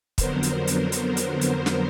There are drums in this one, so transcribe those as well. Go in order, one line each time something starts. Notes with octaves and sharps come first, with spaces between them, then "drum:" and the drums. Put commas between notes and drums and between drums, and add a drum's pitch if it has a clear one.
F2 D3 F#3 B3 A#4 C5, drum: kick, hi-hat
drum: hi-hat
drum: hi-hat
drum: hi-hat
drum: hi-hat
drum: hi-hat
drum: snare